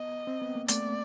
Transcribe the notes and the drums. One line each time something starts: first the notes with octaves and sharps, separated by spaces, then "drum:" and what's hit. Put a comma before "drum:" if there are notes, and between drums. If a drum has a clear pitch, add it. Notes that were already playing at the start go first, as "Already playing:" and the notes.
Already playing: B3 D#5
C4
B3
A#3
A3 D5, drum: hi-hat